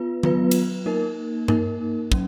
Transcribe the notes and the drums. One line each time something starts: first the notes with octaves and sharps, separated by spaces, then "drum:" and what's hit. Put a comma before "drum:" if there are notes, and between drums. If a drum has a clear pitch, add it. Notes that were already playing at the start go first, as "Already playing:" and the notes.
Already playing: B3 F4 B4
F#3 B3 F4 B4, drum: tom D#3
drum: cymbal
A#3 D#4 A#4
A#3 D#4 A#4, drum: tom G2
F#3 C#4, drum: kick